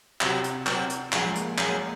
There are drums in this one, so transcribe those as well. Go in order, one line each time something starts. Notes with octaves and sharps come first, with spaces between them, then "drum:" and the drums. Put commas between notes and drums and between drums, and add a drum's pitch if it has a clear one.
C3 F#3 C4 F#4, drum: clap
drum: hi-hat
F#3 C4 F#4, drum: clap
drum: hi-hat
F3 F#3 C#4 G#4, drum: clap
G#3
A#3, drum: hi-hat
F#3 A#3 C#4 G#4, drum: clap
A#3